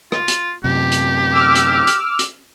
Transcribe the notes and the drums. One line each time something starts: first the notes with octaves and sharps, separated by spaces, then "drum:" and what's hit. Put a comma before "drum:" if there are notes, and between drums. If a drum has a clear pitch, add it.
F4, drum: rim click
drum: hi-hat
F#2 C3 G4
drum: hi-hat
D6 E6 F6
drum: hi-hat
drum: hi-hat
drum: hi-hat